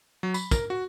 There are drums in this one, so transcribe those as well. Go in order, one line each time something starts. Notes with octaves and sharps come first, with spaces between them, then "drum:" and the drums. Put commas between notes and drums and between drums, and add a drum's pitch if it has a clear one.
F#3
B5, drum: tambourine
A#4, drum: kick, tambourine
F#4